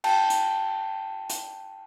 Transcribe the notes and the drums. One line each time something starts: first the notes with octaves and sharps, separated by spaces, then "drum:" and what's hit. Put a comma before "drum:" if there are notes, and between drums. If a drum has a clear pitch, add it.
G5 A5, drum: cymbal
drum: hi-hat
drum: hi-hat